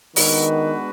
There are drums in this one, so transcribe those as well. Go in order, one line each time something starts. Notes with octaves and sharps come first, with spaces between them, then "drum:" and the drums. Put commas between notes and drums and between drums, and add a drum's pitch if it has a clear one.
D#3 G#3 B3 D4 F#4 B4, drum: open hi-hat